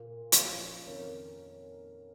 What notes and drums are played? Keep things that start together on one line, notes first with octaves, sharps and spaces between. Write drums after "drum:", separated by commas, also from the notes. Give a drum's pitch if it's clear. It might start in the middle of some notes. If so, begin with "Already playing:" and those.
Already playing: A#2 A#3 F4 A#4
F3 C#4 F4 C#5, drum: hi-hat
F2 D#3 C#4 A#4 C#5